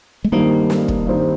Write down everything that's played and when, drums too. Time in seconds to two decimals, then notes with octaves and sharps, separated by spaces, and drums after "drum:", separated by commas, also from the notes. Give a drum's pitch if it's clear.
0.24 G#3
0.32 G2 D#3 G3 A#3 C4 D#4
0.70 drum: snare
0.88 drum: kick
1.07 G2 D#3 G3 C4 D#4